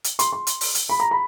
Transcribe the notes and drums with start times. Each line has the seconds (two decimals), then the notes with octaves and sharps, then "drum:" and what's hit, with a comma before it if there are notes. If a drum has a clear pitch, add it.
0.04 drum: hi-hat
0.19 C6, drum: hi-hat
0.33 C6
0.47 drum: hi-hat
0.61 drum: open hi-hat
0.75 drum: hi-hat
0.89 B5
1.00 A#5
1.11 B5